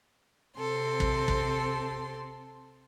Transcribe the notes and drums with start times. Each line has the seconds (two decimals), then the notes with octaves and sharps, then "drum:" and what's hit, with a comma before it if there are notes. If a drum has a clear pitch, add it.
0.59 C3 C4 A4 C6
1.00 drum: kick
1.28 drum: kick